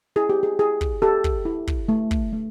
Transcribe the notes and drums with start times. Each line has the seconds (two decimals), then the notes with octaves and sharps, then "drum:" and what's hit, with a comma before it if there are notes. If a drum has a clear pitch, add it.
0.16 E4 G#4
0.29 G4
0.43 G#4
0.59 E4 G#4
0.81 drum: kick
1.02 G4 A4
1.24 drum: kick
1.45 E4
1.67 drum: kick
1.89 A3
2.11 drum: kick
2.33 A3